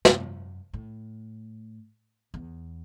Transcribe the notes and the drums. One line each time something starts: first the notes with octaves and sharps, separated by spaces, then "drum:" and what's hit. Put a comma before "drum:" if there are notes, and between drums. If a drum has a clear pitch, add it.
F#2, drum: snare
A2
E2